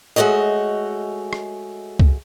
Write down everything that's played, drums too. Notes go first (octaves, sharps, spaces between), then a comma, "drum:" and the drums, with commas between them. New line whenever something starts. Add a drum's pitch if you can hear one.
G#3 A3 F#4 C#5 D#5
drum: rim click
drum: kick